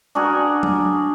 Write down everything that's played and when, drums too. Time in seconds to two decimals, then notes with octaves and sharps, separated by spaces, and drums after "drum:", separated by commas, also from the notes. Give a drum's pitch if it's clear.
0.15 D4 F#4 G#4 A#4
0.63 drum: tom F#3